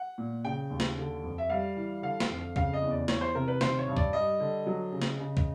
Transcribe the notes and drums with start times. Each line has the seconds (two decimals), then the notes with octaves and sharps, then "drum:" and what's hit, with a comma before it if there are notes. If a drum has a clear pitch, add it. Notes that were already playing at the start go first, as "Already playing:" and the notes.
Already playing: F#5
0.18 A#2
0.44 C#3 G5
0.70 D#2
0.80 drum: snare
0.98 D3
1.23 F2
1.38 E5
1.50 G3 F5
1.77 E3
2.02 D3 F5
2.20 drum: snare
2.30 F2
2.56 C#3 F5, drum: kick
2.73 D#5
2.82 E2
2.91 D5
3.08 E3 C#5, drum: snare
3.21 C5
3.35 C3 A#4
3.48 B4
3.61 D#3 C5, drum: snare
3.79 C#5
3.88 G2
3.97 D5, drum: kick
4.13 G3 D#5
4.40 D3
4.66 F#3
4.92 C#3
5.02 drum: snare
5.20 C#3
5.37 drum: kick